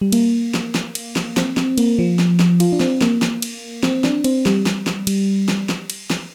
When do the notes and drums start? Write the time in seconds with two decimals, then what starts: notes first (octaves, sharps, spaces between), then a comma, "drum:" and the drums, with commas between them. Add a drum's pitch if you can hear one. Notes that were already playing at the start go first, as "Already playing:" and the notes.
0.01 G3
0.12 A#3, drum: cymbal
0.54 drum: snare
0.75 drum: snare
0.95 drum: cymbal
1.16 drum: snare
1.37 C4, drum: snare
1.57 C4, drum: snare
1.78 A#3, drum: cymbal
1.99 F3
2.19 drum: snare
2.39 drum: snare
2.60 F4, drum: cymbal
2.72 D4
2.80 C4, drum: snare
3.01 A#3, drum: snare
3.22 drum: snare
3.42 drum: cymbal
3.83 C4, drum: snare
4.04 D4, drum: snare
4.24 C4, drum: cymbal
4.46 G3, drum: snare
4.66 drum: snare
4.87 drum: snare
5.07 G3, drum: cymbal
5.48 drum: snare
5.69 drum: snare
5.90 drum: cymbal
6.10 drum: snare